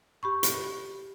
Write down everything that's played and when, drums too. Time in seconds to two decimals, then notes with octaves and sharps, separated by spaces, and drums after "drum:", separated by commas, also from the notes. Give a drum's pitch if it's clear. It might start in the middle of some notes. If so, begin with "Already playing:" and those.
0.23 G4 B5 C#6
0.43 drum: hi-hat